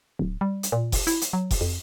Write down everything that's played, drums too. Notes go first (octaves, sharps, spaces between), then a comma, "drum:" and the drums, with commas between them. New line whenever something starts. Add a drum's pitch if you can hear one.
D1
G3
drum: hi-hat
A#2
drum: kick F1, open hi-hat
E4, drum: hi-hat
drum: hi-hat
F#3
drum: kick F1, open hi-hat
F2